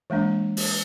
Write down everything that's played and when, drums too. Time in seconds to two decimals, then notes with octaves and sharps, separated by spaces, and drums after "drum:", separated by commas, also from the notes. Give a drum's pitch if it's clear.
0.10 E3 G#3 A#3 D4
0.57 drum: open hi-hat